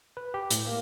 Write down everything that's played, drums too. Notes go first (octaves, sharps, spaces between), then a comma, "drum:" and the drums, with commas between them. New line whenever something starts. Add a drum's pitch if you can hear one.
B4
G4
A2, drum: hi-hat
A#3